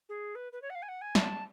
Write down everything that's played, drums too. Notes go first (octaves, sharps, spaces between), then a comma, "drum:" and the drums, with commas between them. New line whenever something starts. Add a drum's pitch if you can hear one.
G#4
B4
B4
C#5
F#5
F5
G#5
F#5
G#5
A5, drum: snare